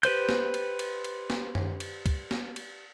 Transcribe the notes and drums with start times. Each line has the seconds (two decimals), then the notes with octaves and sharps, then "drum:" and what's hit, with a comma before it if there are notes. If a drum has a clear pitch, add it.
0.03 G4 B4 C5 G6, drum: cymbal
0.29 drum: snare
0.54 drum: cymbal
0.79 drum: cymbal
1.04 drum: cymbal
1.30 drum: snare
1.55 drum: tom F#2
1.80 drum: cymbal
2.06 drum: kick C#2, cymbal
2.31 drum: snare
2.56 drum: cymbal